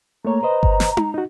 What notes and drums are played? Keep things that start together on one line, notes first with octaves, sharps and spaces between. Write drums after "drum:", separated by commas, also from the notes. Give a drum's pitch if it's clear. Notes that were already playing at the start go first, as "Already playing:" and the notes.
A3 A#3 C#5 A#5
B4 C5 D#5
drum: kick G1
drum: snare
drum: tom D#4
D#4 F#4